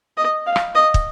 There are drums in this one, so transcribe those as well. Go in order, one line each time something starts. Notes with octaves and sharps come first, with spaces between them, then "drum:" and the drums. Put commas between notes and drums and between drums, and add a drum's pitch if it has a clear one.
D#5
F5
drum: rim click
D#5
drum: kick